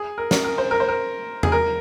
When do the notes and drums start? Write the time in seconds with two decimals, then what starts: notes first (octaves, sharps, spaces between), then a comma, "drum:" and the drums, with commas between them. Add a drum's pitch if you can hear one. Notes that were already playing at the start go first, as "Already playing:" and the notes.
Already playing: G#4
0.18 A#4
0.31 A#4, drum: snare
0.44 A#4
0.58 C5
0.71 A#4
0.80 C5
0.88 A#4
1.43 G#4, drum: tom E2
1.52 A#4